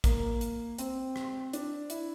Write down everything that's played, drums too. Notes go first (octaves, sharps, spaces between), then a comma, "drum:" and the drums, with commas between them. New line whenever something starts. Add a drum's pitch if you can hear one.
A#3, drum: kick, hi-hat
drum: hi-hat
C4, drum: hi-hat
drum: rim click
D4, drum: hi-hat
E4, drum: hi-hat